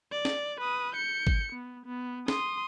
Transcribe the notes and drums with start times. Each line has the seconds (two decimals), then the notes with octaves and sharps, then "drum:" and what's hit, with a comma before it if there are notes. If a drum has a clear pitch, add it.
0.12 D5
0.25 drum: snare
0.60 B4 D#6
0.95 G6 C#7
1.27 drum: kick
1.52 B3
1.86 B3
2.28 C6 D#6, drum: snare